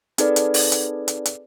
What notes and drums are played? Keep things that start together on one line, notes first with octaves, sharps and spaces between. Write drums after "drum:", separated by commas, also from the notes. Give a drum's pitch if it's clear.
C4 D#4 G#4 A4 B4 D5, drum: hi-hat
drum: hi-hat
drum: open hi-hat
drum: hi-hat
drum: hi-hat
drum: hi-hat